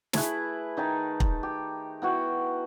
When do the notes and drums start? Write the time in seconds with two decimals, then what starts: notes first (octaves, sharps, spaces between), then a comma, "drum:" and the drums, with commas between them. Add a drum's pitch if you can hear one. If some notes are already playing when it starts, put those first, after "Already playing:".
0.13 A3 E4 G#4 B4, drum: snare
0.77 D#3 D#4 G5 A5
1.20 drum: kick
1.43 G4
2.02 B3 E4 F#4 G5